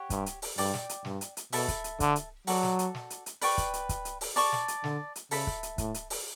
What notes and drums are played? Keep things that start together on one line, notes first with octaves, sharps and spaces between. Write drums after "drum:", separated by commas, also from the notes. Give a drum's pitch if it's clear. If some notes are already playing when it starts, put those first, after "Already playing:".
Already playing: G4 C#5 F#5
G2, drum: kick, hi-hat
drum: hi-hat
drum: open hi-hat
G2 D5 G5 D6, drum: open hi-hat
drum: snare
drum: hi-hat
G2, drum: snare
drum: hi-hat
drum: hi-hat
B2 A4 E5 B5, drum: open hi-hat
drum: kick, hi-hat
drum: hi-hat
D3, drum: kick, hi-hat
drum: hi-hat
F#3 F#4 A4 D5, drum: open hi-hat
drum: snare
drum: hi-hat
drum: snare
drum: hi-hat
drum: hi-hat
B4 D5 G5 C#6, drum: open hi-hat
drum: kick, hi-hat
drum: hi-hat
drum: kick, hi-hat
drum: hi-hat
drum: open hi-hat
D5 A5 C#6, drum: open hi-hat
drum: snare
drum: hi-hat
D3, drum: snare
drum: hi-hat
C#3 A4 E5 B5, drum: open hi-hat
drum: kick
drum: hi-hat
A2, drum: kick, hi-hat
drum: hi-hat
drum: open hi-hat